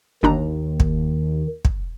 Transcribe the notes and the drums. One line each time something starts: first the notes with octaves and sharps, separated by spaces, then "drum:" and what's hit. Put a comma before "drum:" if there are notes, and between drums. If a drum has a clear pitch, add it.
G1 D#2 D#3 D4 A#5
drum: kick
drum: kick